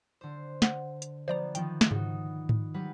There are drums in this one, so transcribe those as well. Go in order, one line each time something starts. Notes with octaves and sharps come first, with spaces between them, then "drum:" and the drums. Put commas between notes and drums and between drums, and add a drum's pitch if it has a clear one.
D3 C5
F#5, drum: snare
drum: hi-hat
F3 A#3 B3 C5 D5 A#5
D#3 F3 B3 G5, drum: hi-hat
drum: snare
G#2 C#3 D#4 F#4
drum: tom G#2
F#3 G3 B4